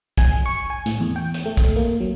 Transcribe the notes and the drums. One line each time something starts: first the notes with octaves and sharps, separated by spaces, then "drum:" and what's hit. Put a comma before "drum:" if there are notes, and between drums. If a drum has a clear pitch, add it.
G#5, drum: kick, hi-hat
C#6
G#5
A2, drum: hi-hat
E2
G5
drum: hi-hat
A3
drum: kick, hi-hat
A#3
F#3